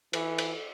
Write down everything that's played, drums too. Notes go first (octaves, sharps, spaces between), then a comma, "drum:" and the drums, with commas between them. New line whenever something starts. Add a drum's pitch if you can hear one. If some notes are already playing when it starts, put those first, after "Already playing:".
E3, drum: cymbal
drum: cymbal